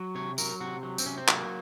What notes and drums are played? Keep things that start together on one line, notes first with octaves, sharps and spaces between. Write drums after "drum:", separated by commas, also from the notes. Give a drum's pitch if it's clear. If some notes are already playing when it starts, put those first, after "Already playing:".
Already playing: F#3
C3 C#5
F#3 A#4, drum: tambourine
C3 F#4
F#3
C4, drum: tambourine
C3 C#4
C4
F#3 A#3, drum: clap